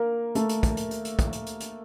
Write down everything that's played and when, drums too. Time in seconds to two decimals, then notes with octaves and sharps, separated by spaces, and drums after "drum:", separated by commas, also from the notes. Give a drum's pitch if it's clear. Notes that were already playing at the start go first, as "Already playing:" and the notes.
Already playing: A#3 A#4
0.35 A3 A4, drum: hi-hat
0.49 drum: hi-hat
0.63 drum: kick, hi-hat
0.77 drum: hi-hat
0.91 drum: hi-hat
1.05 drum: hi-hat
1.19 drum: kick, hi-hat
1.33 drum: hi-hat
1.46 drum: hi-hat
1.60 drum: hi-hat